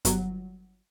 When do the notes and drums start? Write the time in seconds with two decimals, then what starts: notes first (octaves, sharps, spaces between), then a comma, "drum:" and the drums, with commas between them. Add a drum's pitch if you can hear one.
0.05 G1 F#3, drum: hi-hat